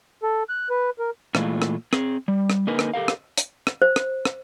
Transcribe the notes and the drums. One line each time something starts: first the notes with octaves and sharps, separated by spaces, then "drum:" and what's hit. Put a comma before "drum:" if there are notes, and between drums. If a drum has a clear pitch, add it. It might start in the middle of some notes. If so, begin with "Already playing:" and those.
A4
F#6
B4
A#4
A#2 E3 G#3 A3 F4, drum: rim click
drum: rim click
C4 G#4, drum: rim click
G3
drum: rim click
D3 A#3 D#4 G#4 A#4 B4
drum: rim click
G4 A4 A#4 F5
drum: rim click
drum: hi-hat
drum: rim click
C5
drum: rim click
drum: rim click